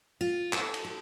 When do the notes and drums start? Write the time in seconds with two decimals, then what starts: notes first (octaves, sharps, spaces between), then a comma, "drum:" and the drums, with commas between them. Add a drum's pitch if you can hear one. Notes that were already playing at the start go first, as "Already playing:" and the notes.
0.21 F4
0.53 A4, drum: clap
0.74 drum: cymbal
0.84 A4